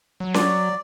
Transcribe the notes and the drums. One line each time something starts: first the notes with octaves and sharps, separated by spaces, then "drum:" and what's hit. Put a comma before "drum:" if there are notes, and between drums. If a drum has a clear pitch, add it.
F#3
D5, drum: snare C#4